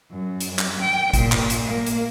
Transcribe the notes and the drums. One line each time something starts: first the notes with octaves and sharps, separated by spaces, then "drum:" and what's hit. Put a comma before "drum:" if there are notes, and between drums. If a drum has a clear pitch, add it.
F#2
drum: hi-hat
drum: clap
G5
A#2, drum: kick G#1, hi-hat
drum: clap
drum: hi-hat
A#3
drum: hi-hat